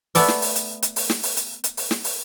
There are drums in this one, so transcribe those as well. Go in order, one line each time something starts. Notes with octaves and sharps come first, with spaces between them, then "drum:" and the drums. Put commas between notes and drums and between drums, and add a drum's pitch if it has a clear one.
A3 B3 D5 E5, drum: open hi-hat
drum: snare
drum: open hi-hat
drum: hi-hat
drum: hi-hat
drum: open hi-hat
drum: snare
drum: open hi-hat
drum: hi-hat
drum: hi-hat
drum: open hi-hat
drum: snare
drum: open hi-hat